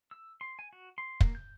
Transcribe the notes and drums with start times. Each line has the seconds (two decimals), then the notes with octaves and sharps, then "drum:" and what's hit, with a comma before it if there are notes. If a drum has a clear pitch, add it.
0.11 E6
0.41 C6
0.59 G#5
0.73 F#4
0.98 C6
1.20 A#3, drum: kick
1.35 G6